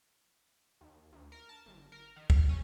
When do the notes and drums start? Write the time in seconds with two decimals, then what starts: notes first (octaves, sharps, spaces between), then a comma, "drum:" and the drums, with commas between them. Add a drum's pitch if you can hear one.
0.81 D#2
1.13 D2
1.32 A#4
1.49 A5
1.66 G1
1.92 A#4
2.16 D#3
2.30 F6, drum: kick
2.49 C#4